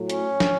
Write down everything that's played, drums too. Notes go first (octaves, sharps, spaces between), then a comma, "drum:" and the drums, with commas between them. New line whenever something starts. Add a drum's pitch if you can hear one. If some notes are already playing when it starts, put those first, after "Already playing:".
Already playing: A2 F#3 A3
C#4, drum: hi-hat
drum: snare